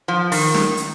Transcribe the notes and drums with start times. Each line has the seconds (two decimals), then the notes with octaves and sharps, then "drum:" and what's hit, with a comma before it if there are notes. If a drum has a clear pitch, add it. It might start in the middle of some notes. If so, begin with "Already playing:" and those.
0.08 F3
0.32 D#3, drum: open hi-hat
0.54 drum: snare
0.77 drum: hi-hat